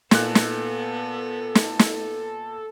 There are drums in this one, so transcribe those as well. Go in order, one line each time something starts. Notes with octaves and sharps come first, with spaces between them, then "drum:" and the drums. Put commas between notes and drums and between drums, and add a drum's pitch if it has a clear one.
A#2 B3 A4 F#6, drum: snare
drum: snare
drum: snare
drum: snare